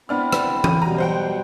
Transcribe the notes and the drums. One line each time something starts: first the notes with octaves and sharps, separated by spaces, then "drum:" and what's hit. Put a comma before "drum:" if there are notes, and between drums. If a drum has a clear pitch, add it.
B3 C4 D4 E4 F6
drum: rim click
D#7, drum: tom E3
B2 F#3 G3 A#5
C5 F#5 G5